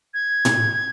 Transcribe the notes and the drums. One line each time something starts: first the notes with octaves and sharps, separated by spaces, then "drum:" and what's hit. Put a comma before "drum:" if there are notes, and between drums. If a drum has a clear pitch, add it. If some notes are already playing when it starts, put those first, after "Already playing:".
G#6
drum: tom A2